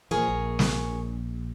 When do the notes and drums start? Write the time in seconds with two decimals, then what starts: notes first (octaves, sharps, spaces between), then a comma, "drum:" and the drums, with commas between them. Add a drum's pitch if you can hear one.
0.11 A#2 F3 G#4 A#4 C#5
0.28 A#1
0.59 drum: snare